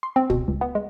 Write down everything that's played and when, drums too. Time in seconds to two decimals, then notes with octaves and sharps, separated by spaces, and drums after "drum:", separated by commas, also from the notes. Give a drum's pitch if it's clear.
0.03 C6
0.16 C4
0.30 B2, drum: kick
0.48 C#2
0.61 B3
0.75 G#3